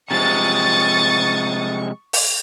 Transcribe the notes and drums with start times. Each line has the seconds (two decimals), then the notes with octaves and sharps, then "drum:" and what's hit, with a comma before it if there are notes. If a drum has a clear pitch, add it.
0.11 C3 F3 G#3 C#6 D#6 A6 C#7
2.13 drum: open hi-hat